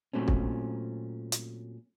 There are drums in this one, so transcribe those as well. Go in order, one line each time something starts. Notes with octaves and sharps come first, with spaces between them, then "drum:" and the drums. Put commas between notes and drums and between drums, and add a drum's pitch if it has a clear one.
A#2 F#3 A3 C4 C#4
drum: kick
drum: hi-hat